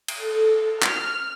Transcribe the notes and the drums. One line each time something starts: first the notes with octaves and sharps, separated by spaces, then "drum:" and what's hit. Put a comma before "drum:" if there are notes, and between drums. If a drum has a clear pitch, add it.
drum: cymbal
A4
F6, drum: clap